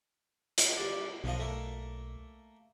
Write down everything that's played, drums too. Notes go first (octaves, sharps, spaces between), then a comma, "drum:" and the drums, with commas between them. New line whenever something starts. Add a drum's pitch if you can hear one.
drum: hi-hat
G3 D5
B1 F#2 F3 D#5
A3 A#3